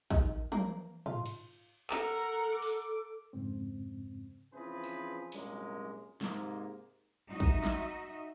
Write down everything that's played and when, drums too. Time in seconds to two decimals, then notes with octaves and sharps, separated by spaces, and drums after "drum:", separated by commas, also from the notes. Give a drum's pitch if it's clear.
0.10 D#3, drum: kick
0.52 A#3, drum: tom
1.06 F4, drum: tom
1.26 drum: cymbal
1.90 A4 A#4 F#5 A#5, drum: clap
2.52 D6
2.62 drum: open hi-hat
3.33 F2 G#2 C#3 C4
4.53 C#3 E3 F3 C4 G#4 B4
4.84 drum: tambourine
5.32 C2 F#2 A#2 G#3 D4 A#4, drum: open hi-hat
6.21 G#2 C3 A#3, drum: snare
7.30 D#4 F#4 D#5 E5
7.40 drum: kick
7.63 drum: snare